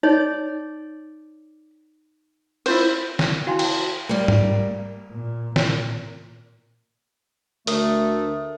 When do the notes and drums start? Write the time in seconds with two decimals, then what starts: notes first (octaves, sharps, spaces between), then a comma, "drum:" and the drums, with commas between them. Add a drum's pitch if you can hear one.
0.03 D#4 C#5 D5
2.66 E4 F4 C5, drum: cymbal
2.98 G6
3.19 drum: snare
3.47 E4 F#4 F5 G5 G#5 C6
3.59 G5 A5, drum: cymbal
4.09 G3 A#3
4.28 drum: tom G#2
5.12 A#2
5.56 A#2, drum: snare
7.67 D2 A3 A#4 D#6, drum: hi-hat